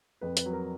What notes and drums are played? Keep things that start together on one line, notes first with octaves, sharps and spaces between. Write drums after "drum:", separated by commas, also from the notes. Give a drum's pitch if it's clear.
F2 B4
B4, drum: hi-hat
F#3
A#4